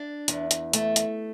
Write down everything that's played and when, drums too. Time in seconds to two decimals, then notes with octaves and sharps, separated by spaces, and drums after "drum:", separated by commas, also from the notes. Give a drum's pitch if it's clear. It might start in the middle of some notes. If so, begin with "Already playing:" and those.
Already playing: D4
0.28 E2, drum: hi-hat
0.51 drum: hi-hat
0.73 A3, drum: hi-hat
0.96 drum: hi-hat